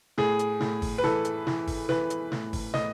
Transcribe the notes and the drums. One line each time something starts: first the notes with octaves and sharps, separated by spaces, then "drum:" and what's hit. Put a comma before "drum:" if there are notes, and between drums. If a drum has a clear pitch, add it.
A2 G#4, drum: snare
drum: hi-hat
A2, drum: snare
drum: kick, open hi-hat
B4
E3 A4, drum: snare
drum: hi-hat
E3, drum: snare
drum: kick, open hi-hat
E3 B4, drum: snare
drum: hi-hat
A2, drum: snare
drum: kick, open hi-hat
A2 D#5, drum: snare